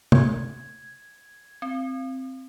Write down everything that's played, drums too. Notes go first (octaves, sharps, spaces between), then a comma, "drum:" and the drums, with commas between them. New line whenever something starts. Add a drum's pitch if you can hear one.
G#6, drum: tom
C4